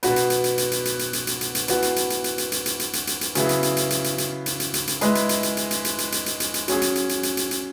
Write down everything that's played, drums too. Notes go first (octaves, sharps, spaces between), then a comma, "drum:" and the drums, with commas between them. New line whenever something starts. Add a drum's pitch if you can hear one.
B2 B3 F#4 B4, drum: hi-hat
drum: hi-hat
drum: hi-hat
drum: hi-hat
drum: hi-hat
drum: hi-hat
drum: hi-hat
drum: hi-hat
drum: hi-hat
drum: hi-hat
drum: hi-hat
drum: hi-hat
E3 B3 F#4, drum: hi-hat
drum: hi-hat
drum: hi-hat
drum: hi-hat
drum: hi-hat
drum: hi-hat
drum: hi-hat
drum: hi-hat
drum: hi-hat
drum: hi-hat
drum: hi-hat
drum: hi-hat
C#3 F#3 B3 E4 G#4, drum: hi-hat
drum: hi-hat
drum: hi-hat
drum: hi-hat
drum: hi-hat
drum: hi-hat
drum: hi-hat
drum: hi-hat
drum: hi-hat
drum: hi-hat
drum: hi-hat
G#3 E4 G#4 B4, drum: hi-hat
drum: hi-hat
drum: hi-hat
drum: hi-hat
drum: hi-hat
drum: hi-hat
drum: hi-hat
drum: hi-hat
drum: hi-hat
drum: hi-hat
drum: hi-hat
drum: hi-hat
F#3 C#4 G#4, drum: hi-hat
drum: hi-hat
drum: hi-hat
drum: hi-hat
drum: hi-hat
drum: hi-hat
drum: hi-hat